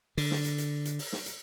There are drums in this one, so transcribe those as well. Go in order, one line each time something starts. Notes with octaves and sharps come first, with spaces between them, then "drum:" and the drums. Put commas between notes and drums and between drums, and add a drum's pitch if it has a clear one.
D3, drum: open hi-hat
drum: snare
drum: hi-hat
drum: hi-hat
drum: hi-hat
drum: open hi-hat
drum: snare
drum: hi-hat